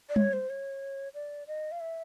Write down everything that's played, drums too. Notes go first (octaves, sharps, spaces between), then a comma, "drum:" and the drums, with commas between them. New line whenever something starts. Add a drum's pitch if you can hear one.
D5
C#5, drum: tom G3
C5
C#5
D5
D#5
F5
E5